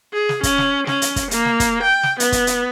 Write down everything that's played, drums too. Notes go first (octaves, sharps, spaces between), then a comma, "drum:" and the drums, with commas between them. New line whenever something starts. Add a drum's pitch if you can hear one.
G#4
drum: snare
C#4, drum: kick, hi-hat
drum: snare
C#4, drum: snare
drum: hi-hat
drum: kick, hi-hat
A#3, drum: hi-hat
drum: snare
drum: kick, hi-hat
G5
drum: snare
B3, drum: hi-hat
drum: kick, hi-hat
drum: hi-hat